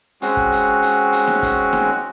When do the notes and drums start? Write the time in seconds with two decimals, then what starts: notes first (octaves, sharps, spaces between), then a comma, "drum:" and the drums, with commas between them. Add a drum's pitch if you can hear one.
0.22 G#3 C4 C#4 F#4, drum: hi-hat
0.37 drum: kick
0.52 drum: hi-hat
0.82 drum: hi-hat
1.12 drum: hi-hat
1.27 drum: snare D#4
1.43 drum: kick, hi-hat
1.73 drum: snare D#4